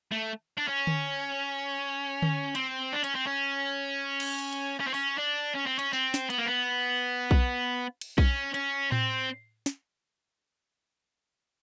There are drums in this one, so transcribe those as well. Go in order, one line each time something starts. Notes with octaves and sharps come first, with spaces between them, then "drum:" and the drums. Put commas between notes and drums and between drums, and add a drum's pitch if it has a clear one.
A3
D4
C#4
drum: tom D3
drum: tom D3
C4, drum: hi-hat
D4
C#4, drum: hi-hat
C4
C#4
drum: cymbal
drum: hi-hat
drum: hi-hat
C#4
C4
C#4, drum: open hi-hat
D4
C#4
C4
C#4, drum: hi-hat
C4, drum: tambourine
drum: snare
B3, drum: hi-hat
A#3
B3
drum: kick B1
drum: cymbal
C#4, drum: kick B1
C#4, drum: hi-hat
C4, drum: tom A2
drum: snare